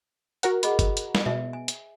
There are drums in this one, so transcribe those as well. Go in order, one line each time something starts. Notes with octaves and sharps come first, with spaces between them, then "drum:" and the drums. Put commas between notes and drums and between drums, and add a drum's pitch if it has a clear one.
F#4 A#4 F#5, drum: hi-hat
G#4 D#5 B5, drum: hi-hat
drum: kick, hi-hat
drum: hi-hat
drum: snare
B2 E5
G#5
drum: hi-hat